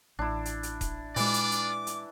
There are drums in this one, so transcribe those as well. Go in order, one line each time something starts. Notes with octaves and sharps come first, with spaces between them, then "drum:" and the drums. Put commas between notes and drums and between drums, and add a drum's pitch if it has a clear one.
A1 D4 E4
drum: hi-hat
drum: hi-hat
drum: kick D#1, hi-hat
A#2 E3 G#3 D4 F4 D5 D6, drum: open hi-hat
drum: hi-hat
drum: hi-hat
drum: hi-hat